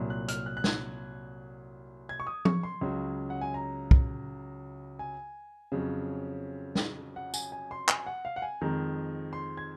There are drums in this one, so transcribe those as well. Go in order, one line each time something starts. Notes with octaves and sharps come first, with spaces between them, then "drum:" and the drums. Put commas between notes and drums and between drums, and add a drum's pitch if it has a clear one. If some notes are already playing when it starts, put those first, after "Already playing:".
Already playing: C2 A#2 F#3
F#6
F6, drum: hi-hat
F#6
F#6
G#6, drum: snare
G#6
C#6
D#6
C#6, drum: tom F3
C6
C#2 C#3 F#3
F#5
G#5
A#5
drum: kick
G#5
F2 C#3 F#3
drum: snare
F#5
G#5, drum: tambourine
G#5
C6
G#5, drum: clap
F#5
F5
F#5
G#5
F2 D#3 G#3 A#5
C6
G#6